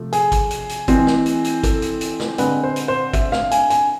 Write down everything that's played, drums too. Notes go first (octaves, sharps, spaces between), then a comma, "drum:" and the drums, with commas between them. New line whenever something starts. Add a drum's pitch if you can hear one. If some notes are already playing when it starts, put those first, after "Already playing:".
Already playing: C3 F3 A3
G#4, drum: hi-hat
drum: kick, hi-hat
drum: hi-hat
drum: hi-hat
E3 G#3 C4, drum: kick, hi-hat
drum: snare
drum: hi-hat
drum: hi-hat
A4, drum: kick, hi-hat
drum: hi-hat
drum: hi-hat
drum: snare
D3 G#3 C4 B4, drum: hi-hat
C5
drum: hi-hat
C5
E5, drum: kick, hi-hat
F5, drum: snare
G#5, drum: hi-hat
G#5, drum: hi-hat